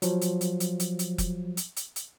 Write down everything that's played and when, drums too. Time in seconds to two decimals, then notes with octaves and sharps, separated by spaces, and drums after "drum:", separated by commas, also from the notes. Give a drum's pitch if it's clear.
0.02 F3 F#3, drum: hi-hat
0.21 drum: hi-hat
0.41 drum: hi-hat
0.60 drum: hi-hat
0.80 drum: hi-hat
0.99 drum: hi-hat
1.18 drum: kick F1, hi-hat
1.57 drum: hi-hat
1.76 drum: hi-hat
1.96 drum: hi-hat